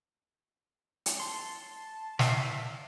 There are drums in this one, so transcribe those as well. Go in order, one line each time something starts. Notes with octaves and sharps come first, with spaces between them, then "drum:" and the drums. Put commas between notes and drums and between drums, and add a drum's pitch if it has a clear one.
drum: hi-hat
A5 C6
E4 F5, drum: snare